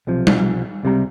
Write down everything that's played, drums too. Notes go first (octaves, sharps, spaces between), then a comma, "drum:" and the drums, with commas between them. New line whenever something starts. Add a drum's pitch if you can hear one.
B1 C3 F3
drum: tom G3
C#2 C3 G3 A#5